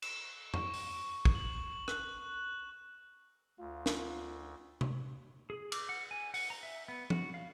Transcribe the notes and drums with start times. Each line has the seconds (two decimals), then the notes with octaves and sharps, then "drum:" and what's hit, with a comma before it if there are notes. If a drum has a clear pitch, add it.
0.02 E7, drum: cymbal
0.54 C#6, drum: tom F2
0.73 drum: open hi-hat
1.25 drum: kick
1.35 F#7
1.88 F#6, drum: rim click
3.59 D2 F4
3.86 drum: snare
4.81 drum: tom C3
5.50 G#4
5.72 D6, drum: cymbal
5.89 F#5
6.11 G#5
6.34 F#5, drum: open hi-hat
6.50 A#5
6.63 E5
6.88 B3
7.10 F#4, drum: tom
7.34 F5